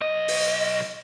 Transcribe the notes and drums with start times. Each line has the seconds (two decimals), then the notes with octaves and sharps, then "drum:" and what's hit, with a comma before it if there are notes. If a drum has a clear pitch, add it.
0.01 B1 D#5
0.28 drum: open hi-hat